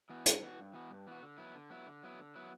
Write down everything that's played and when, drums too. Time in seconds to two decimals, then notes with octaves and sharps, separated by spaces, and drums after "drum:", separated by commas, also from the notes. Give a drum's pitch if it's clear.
0.09 E3 B3 F#4
0.26 G2, drum: hi-hat
0.42 E3 B3 F#4
0.58 G2
0.73 E3 B3 F#4
0.89 G2
1.07 E3 B3 F#4
1.23 D3
1.38 F#3 B3 E4
1.54 D3
1.70 F#3 B3 E4
1.86 D3
2.03 F#3 B3 E4
2.19 D3
2.35 F#3 B3 E4